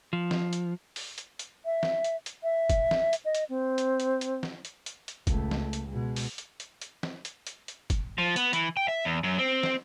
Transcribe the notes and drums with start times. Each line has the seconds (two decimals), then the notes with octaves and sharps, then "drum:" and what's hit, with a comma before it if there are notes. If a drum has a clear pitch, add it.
0.13 F3
0.31 drum: snare
0.53 drum: hi-hat
0.96 drum: open hi-hat
1.18 drum: hi-hat
1.39 drum: hi-hat
1.65 E5
1.83 drum: snare
2.04 drum: hi-hat
2.26 drum: hi-hat
2.43 E5
2.70 drum: kick, hi-hat
2.91 drum: snare
3.13 drum: hi-hat
3.25 D#5
3.35 drum: hi-hat
3.49 C4
3.78 drum: hi-hat
4.00 drum: hi-hat
4.21 drum: hi-hat
4.43 drum: snare
4.65 drum: hi-hat
4.86 drum: hi-hat
5.08 drum: hi-hat
5.27 C#2 A3, drum: kick, hi-hat
5.51 drum: snare
5.73 drum: hi-hat
5.88 B2 G#3
6.16 drum: open hi-hat
6.38 drum: hi-hat
6.60 drum: hi-hat
6.82 drum: hi-hat
7.03 drum: snare
7.25 drum: hi-hat
7.47 drum: hi-hat
7.68 drum: hi-hat
7.90 drum: kick, hi-hat
8.18 F3
8.36 B3, drum: hi-hat
8.53 E3, drum: hi-hat
8.77 G5
8.88 E5
9.05 E2
9.23 F#2
9.38 C4
9.63 drum: snare